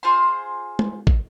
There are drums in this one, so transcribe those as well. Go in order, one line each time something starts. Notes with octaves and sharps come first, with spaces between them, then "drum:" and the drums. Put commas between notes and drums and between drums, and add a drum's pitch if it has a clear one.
F4 G#4 C5 C6
drum: tom
drum: kick